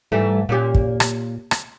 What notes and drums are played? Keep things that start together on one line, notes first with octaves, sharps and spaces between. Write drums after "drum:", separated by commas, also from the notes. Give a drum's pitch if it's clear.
G#2 E3 G3 A3
A#2 A#3 C#4 G4
drum: kick
drum: rim click
drum: rim click